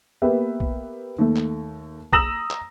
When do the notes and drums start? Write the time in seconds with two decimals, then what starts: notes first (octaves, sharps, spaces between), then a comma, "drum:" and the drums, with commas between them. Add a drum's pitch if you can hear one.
0.22 A#3 B3 G4 B4 E5
0.60 drum: kick A#1
1.19 D#2 A3
1.36 drum: clap
2.12 A#5 D#6 E6 A#6 E7 F#7, drum: kick A#1
2.51 drum: clap